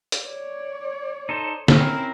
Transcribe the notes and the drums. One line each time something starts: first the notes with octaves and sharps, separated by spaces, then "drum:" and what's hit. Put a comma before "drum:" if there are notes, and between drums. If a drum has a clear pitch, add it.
drum: hi-hat
C#5 D5
D#4 A4 C5
C4 C#4 E4 A#4, drum: snare